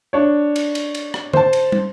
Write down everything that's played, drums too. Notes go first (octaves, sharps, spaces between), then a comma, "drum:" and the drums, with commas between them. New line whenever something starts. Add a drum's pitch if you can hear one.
D4 C#5
drum: cymbal
drum: cymbal
drum: cymbal
drum: rim click
C5 A5, drum: tom D3
drum: cymbal
drum: tom